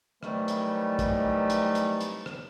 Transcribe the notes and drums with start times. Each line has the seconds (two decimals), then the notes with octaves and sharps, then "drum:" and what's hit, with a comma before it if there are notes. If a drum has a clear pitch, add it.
0.23 C3 D#3 E3 F#3 G3 A3, drum: rim click
0.48 drum: hi-hat
0.99 drum: kick, hi-hat
1.50 drum: hi-hat
1.75 drum: hi-hat
2.01 drum: hi-hat
2.26 drum: rim click